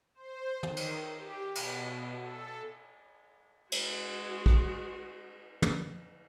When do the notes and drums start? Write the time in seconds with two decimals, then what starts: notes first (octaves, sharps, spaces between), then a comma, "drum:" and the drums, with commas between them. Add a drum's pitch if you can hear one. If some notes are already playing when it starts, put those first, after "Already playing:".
0.15 C5
0.63 D#3, drum: tom
0.77 drum: cymbal
1.16 G4
1.55 B2, drum: cymbal
2.21 A4
3.72 G#3 F#4, drum: cymbal
4.46 drum: kick
5.62 drum: tom